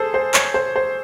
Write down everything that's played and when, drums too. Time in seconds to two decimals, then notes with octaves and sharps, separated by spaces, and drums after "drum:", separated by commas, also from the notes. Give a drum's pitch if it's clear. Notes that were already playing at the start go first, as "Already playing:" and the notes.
Already playing: G#4 A4 C5
0.14 C5
0.34 C#5, drum: clap
0.54 C5
0.76 C5